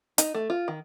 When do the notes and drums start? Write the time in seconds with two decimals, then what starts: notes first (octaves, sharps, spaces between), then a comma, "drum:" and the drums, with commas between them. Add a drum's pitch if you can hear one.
0.18 D#4, drum: hi-hat
0.34 A3
0.50 F4
0.68 D#3